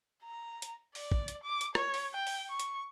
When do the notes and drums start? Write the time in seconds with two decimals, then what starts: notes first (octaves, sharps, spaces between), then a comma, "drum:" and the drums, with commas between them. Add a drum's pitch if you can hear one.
0.24 A#5
0.62 drum: hi-hat
0.95 D5, drum: open hi-hat
1.12 drum: kick
1.28 drum: hi-hat
1.44 D6
1.61 drum: hi-hat
1.75 C#5, drum: rim click
1.94 drum: open hi-hat
2.14 G5
2.27 drum: open hi-hat
2.50 C#6
2.60 drum: hi-hat